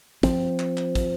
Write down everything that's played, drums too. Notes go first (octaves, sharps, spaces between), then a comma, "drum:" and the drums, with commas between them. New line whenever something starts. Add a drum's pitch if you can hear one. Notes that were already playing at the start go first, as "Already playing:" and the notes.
F3 C4, drum: kick, hi-hat
drum: clap
drum: clap
drum: kick, hi-hat